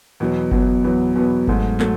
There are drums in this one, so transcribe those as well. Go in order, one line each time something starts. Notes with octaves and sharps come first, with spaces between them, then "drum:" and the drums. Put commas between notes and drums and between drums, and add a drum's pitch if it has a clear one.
E2 B2 F#3 B3
E2 B2 F#3 B3, drum: kick G1
E2 B2 F#3 B3
E2 B2 F#3 B3
G#2 F#3 A3, drum: kick G1
F#3 A3, drum: clap